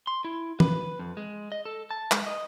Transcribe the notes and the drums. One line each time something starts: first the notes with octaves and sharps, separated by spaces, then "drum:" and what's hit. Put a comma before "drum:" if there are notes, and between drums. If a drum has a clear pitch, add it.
C6
E4
B4, drum: tom
F2
G#3
D#5
A4
A5
G#3, drum: clap
D#5